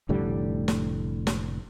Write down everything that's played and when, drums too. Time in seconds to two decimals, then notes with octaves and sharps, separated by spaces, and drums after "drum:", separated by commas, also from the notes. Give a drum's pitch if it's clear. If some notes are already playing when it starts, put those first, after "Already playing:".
0.09 F1 A2 D3 G3
0.68 drum: snare
1.27 drum: snare